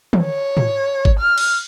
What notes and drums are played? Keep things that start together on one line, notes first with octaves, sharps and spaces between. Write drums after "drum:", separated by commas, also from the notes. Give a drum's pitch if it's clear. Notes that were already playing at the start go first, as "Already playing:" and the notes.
drum: tom
C#5
drum: tom
drum: kick G#1
F6
drum: cymbal